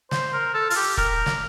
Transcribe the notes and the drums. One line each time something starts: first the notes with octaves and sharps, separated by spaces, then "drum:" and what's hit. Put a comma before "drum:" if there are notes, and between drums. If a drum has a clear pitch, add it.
C5, drum: snare
A#4
A4
F4, drum: open hi-hat
G4
A#4, drum: kick E1
drum: snare